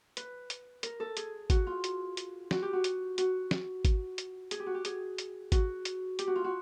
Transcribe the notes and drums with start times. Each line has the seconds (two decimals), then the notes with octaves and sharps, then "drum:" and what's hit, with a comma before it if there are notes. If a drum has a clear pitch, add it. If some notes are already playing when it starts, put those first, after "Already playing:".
0.17 B4, drum: hi-hat
0.50 drum: hi-hat
0.83 A#4, drum: hi-hat
1.00 A4
1.17 G#4, drum: hi-hat
1.50 F#4, drum: kick G#1, hi-hat
1.67 F4
1.84 drum: hi-hat
2.17 drum: hi-hat
2.51 F#4, drum: snare
2.62 G4
2.73 F#4
2.84 drum: hi-hat
3.18 F#4, drum: hi-hat
3.51 drum: snare
3.85 drum: kick G#1, hi-hat
4.18 drum: hi-hat
4.51 G#4, drum: hi-hat
4.60 G4
4.66 F#4
4.74 G4
4.85 G#4, drum: hi-hat
5.18 drum: hi-hat
5.52 F#4, drum: kick G#1, hi-hat
5.85 drum: hi-hat
6.19 G4, drum: hi-hat
6.27 F#4
6.36 F4
6.44 F#4